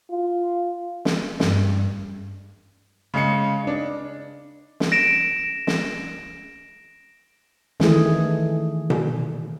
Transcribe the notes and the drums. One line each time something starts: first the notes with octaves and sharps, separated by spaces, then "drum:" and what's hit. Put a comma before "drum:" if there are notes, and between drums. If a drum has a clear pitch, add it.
F4
drum: snare
G2, drum: snare
C#3 G#3 C#7
D4 D#4
drum: snare
A#6 D7 E7
drum: snare
D#3 E3 A3 G#4, drum: snare
drum: tom B2